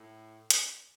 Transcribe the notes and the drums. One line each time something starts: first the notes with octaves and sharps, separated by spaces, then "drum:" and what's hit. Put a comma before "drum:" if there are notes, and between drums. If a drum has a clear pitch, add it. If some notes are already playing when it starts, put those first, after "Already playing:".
Already playing: A2
drum: hi-hat